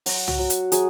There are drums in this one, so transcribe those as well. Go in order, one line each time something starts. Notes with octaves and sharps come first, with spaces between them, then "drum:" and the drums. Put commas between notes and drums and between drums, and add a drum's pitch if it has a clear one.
F#3 F#4, drum: open hi-hat
F#4, drum: tom C2
F#3
drum: hi-hat
F#3 G#4, drum: hi-hat